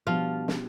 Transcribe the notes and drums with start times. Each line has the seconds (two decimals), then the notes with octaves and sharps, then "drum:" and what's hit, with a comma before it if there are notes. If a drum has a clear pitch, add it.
0.07 B2 F3 G3 B3 D4 F4
0.48 drum: snare